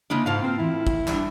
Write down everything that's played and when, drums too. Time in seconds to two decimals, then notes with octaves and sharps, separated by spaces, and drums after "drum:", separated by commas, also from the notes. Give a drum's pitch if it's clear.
0.10 C#3 G#3 A#3 C#4 D4 E4
0.26 G#2 A3 E4 F4 F5 A5
0.42 A#3 C4 B4 A#5
0.59 A2 E3 E4
0.87 drum: kick
1.08 E3 G3 D4, drum: clap